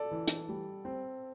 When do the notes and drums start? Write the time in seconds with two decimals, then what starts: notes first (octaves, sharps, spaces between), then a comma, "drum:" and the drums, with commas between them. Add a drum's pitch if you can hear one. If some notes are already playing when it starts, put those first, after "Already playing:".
Already playing: A4 D5
0.11 E3
0.27 drum: hi-hat
0.49 G3
0.85 C4